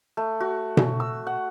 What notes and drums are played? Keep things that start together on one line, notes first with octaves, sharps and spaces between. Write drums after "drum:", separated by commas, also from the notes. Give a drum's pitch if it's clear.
A3
F#4
drum: tom B2
E6
F#5